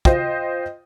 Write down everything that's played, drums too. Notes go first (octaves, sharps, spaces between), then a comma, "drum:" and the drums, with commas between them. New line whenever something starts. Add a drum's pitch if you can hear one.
F4 C5 D#5 G5, drum: kick